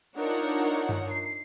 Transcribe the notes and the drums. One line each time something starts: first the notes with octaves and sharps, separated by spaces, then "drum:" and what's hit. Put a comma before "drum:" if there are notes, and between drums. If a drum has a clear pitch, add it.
D4 D#4 F4 A#4 C#5 F#5
drum: tom G2
C7